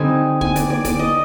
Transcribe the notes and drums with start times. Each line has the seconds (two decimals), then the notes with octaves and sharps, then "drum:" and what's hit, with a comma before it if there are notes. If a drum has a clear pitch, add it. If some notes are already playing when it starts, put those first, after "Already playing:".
Already playing: D3 G3 C4 D#4 G#5
0.41 G#5, drum: kick
0.56 D5, drum: hi-hat
0.70 D5
0.85 D5, drum: kick, hi-hat
0.99 D#5